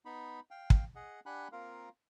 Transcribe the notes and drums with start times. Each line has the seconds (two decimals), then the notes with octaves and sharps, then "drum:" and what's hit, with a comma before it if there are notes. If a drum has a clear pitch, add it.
0.05 B3 D#4 B5
0.51 F5 G5
0.70 drum: kick
0.95 G#4 D#5 F#5
1.26 D4 G4 F#5 G#5 B5 F#6
1.52 A#3 C4 F4 A#4 F5